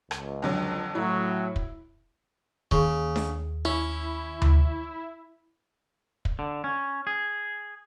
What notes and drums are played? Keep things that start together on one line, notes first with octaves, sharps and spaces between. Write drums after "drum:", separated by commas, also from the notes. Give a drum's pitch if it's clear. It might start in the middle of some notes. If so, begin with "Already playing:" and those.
C#2, drum: rim click
F2 D3 F#3
A2 F#3 E4
drum: kick
D#2 C#3 G#4 C#6, drum: kick
drum: snare D4
C#4 E4
drum: tom D2
drum: kick
D3
C#4
G#4